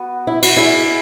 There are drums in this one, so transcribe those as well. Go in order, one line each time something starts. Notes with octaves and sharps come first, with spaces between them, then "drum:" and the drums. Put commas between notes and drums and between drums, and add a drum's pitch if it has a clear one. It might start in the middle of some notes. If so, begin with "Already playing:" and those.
Already playing: B3 F#4 B4
E4
F#4, drum: cymbal
E4 G#4 D5 G#5